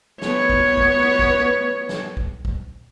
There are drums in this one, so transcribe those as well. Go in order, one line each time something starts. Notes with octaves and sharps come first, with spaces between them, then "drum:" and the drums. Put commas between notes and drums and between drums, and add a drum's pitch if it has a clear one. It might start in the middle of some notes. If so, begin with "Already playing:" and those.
B3 C#5, drum: snare
drum: kick
drum: kick
drum: kick
drum: snare
drum: kick
drum: kick